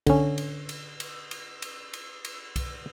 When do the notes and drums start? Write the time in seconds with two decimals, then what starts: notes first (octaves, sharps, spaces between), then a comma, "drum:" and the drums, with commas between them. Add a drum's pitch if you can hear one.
0.07 D3 C#4, drum: kick C2, cymbal
0.38 drum: cymbal
0.69 drum: cymbal
1.00 drum: cymbal
1.31 drum: cymbal
1.62 drum: cymbal
1.93 drum: cymbal
2.25 drum: cymbal
2.56 drum: kick C2, cymbal